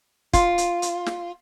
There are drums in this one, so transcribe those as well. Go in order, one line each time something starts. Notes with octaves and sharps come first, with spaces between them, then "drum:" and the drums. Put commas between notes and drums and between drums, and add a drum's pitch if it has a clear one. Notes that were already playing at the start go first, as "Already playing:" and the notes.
F4, drum: kick, hi-hat
drum: hi-hat
drum: hi-hat
drum: snare